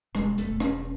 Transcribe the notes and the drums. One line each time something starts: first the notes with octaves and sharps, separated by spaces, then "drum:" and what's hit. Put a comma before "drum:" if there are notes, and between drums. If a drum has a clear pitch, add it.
E1 G#3, drum: rim click
A3, drum: hi-hat
E1
C#4, drum: rim click